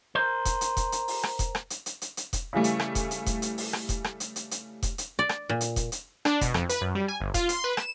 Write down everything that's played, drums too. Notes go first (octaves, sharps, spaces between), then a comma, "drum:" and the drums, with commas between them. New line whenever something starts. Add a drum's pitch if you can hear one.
A#4 C5
drum: kick E1, hi-hat
drum: hi-hat
drum: kick E1, hi-hat
drum: hi-hat
drum: open hi-hat
drum: rim click
drum: kick E1, hi-hat
drum: rim click
drum: hi-hat
drum: hi-hat
drum: hi-hat
drum: hi-hat
drum: kick E1, hi-hat
C#3 E3 G3 A3
drum: hi-hat
drum: rim click
drum: kick E1, hi-hat
drum: hi-hat
drum: kick E1, hi-hat
drum: hi-hat
drum: open hi-hat
drum: rim click
drum: kick E1, hi-hat
drum: rim click
drum: hi-hat
drum: hi-hat
drum: hi-hat
drum: kick E1, hi-hat
drum: hi-hat
D5
drum: rim click
A#2
drum: hi-hat
drum: kick E1, hi-hat
drum: hi-hat
D4, drum: rim click
B2, drum: kick E1, hi-hat
F2, drum: rim click
B4, drum: hi-hat
F#2
G3
G#5
G1
F4, drum: kick E1, hi-hat
C6, drum: hi-hat
B4
E7, drum: rim click